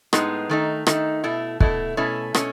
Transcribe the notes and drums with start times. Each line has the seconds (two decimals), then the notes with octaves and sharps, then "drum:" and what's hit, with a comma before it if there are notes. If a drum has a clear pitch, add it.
0.13 A2 G#3 B3 D#4, drum: rim click
0.49 D#3 A3 D#4
0.87 D#3 A3 D#4, drum: rim click
1.24 B2 A3 E4
1.60 B2 A3 E4, drum: kick
1.97 B2 A3 C#4 E4
2.34 B2 A3 C#4, drum: rim click